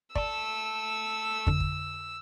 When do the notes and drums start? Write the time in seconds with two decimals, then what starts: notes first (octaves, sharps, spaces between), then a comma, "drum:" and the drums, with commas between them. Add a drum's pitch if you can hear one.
0.15 A3 A4 D5 E6, drum: kick
1.47 F2 D3, drum: kick
1.60 drum: kick